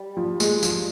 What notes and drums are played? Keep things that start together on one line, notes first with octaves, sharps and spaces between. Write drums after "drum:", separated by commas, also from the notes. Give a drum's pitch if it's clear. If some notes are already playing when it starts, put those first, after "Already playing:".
Already playing: G3
F3
G#3, drum: tambourine
F3, drum: tambourine